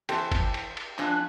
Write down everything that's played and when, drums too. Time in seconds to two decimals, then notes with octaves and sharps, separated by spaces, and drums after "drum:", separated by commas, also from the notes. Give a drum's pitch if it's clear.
0.09 E3 G4 A4 C5, drum: cymbal
0.32 drum: kick G1, cymbal
0.54 drum: cymbal
0.77 drum: cymbal
0.99 F3 D4 G#5 F#6, drum: clap